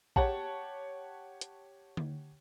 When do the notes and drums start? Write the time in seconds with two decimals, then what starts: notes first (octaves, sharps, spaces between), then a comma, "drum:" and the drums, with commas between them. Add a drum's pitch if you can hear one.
0.16 G4 C#5 F#5 A5, drum: kick A1
1.41 drum: hi-hat
1.97 drum: tom D3